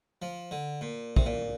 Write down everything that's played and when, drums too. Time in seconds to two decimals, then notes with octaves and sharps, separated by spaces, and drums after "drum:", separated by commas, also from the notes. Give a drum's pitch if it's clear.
0.22 F3
0.51 D3
0.81 A#2
1.16 C3, drum: kick
1.26 A#2